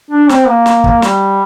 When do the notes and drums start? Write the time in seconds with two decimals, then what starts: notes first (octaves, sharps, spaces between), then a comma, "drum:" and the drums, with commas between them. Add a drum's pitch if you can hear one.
0.10 D4
0.29 C4, drum: snare
0.47 A#3
0.66 drum: snare
0.84 drum: kick
1.02 G3, drum: snare